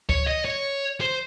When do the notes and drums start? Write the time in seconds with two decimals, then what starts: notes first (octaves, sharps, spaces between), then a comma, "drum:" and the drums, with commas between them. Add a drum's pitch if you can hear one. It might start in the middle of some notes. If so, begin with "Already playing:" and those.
0.09 C#5, drum: kick C#2
0.27 D#5
0.45 C#5
1.01 C5